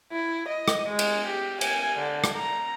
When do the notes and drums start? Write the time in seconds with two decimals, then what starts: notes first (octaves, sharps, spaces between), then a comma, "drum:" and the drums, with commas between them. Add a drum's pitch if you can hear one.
0.12 E4
0.48 D#5
0.68 drum: rim click
0.88 G#3
0.99 drum: cymbal
1.26 G4
1.61 G#5, drum: cymbal
1.97 D3
2.24 drum: rim click
2.36 A#5